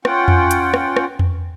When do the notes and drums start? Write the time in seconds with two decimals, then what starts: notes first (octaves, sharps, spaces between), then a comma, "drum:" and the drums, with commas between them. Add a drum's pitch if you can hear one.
0.05 C#4 F4 F#5 G5, drum: rim click
0.28 drum: tom F2
0.51 drum: hi-hat
0.74 drum: rim click
0.97 drum: rim click
1.19 drum: tom F2